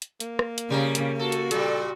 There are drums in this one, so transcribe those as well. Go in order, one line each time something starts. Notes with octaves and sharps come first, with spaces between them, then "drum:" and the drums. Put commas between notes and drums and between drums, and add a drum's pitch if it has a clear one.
drum: hi-hat
A#3, drum: hi-hat
drum: rim click
drum: hi-hat
C#3 G3 A#4
drum: hi-hat
F#4 A4
drum: hi-hat
A#2 G3 A4, drum: hi-hat